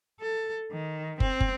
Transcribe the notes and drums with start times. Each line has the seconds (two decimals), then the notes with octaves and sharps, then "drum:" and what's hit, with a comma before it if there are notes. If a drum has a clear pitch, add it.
0.21 A4
0.71 D#3
1.20 C4, drum: kick
1.40 drum: kick